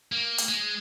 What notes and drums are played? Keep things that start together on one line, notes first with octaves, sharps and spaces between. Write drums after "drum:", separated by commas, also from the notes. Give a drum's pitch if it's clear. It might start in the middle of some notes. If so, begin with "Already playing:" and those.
A#3
drum: hi-hat
G#3